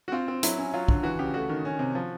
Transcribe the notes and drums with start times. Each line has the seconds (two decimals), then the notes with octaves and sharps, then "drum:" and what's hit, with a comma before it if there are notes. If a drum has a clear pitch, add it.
0.08 F#4
0.12 C4 F4
0.28 C4
0.43 F#3 E4, drum: hi-hat
0.58 C#4
0.74 F#3 F4
0.88 D3, drum: kick
1.03 E3 F#4
1.19 C#3 G4
1.34 A3 F#4
1.49 D#3
1.65 C#4
1.79 C3
1.95 F3